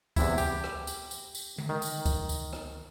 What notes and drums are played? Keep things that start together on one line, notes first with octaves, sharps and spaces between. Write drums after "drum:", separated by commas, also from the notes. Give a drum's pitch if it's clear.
E2 C3 E4, drum: kick C#2, tambourine
G4, drum: tambourine
drum: rim click
drum: tambourine
drum: tambourine
drum: tambourine
drum: tom D3
D#3
drum: tambourine
drum: kick C#2, tambourine
drum: tambourine
drum: rim click